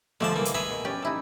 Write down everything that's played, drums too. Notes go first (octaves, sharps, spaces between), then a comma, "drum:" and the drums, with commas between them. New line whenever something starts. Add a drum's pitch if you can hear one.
D3 F3 G#3 A3 D5 A5, drum: tom
E3 A#3
drum: hi-hat
G#4 B4 E5 G#5 A#5
B2
C#4 G4 D5
D#4 E4 A4